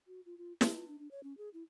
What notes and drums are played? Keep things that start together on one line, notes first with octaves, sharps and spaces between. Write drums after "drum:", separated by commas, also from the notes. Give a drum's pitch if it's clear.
F#4
F4
F4
G4, drum: snare
F4
D4
D4
C#5
C#4
G#4
E4